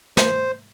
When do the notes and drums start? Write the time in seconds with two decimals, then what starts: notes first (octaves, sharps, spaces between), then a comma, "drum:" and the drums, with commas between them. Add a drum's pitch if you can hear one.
0.17 C5, drum: snare